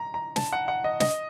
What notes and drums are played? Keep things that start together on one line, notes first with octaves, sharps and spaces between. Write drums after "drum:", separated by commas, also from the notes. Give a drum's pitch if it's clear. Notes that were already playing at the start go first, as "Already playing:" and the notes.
Already playing: A#5
A#5
A5, drum: snare
F#5
F#5
D#5
D#5, drum: snare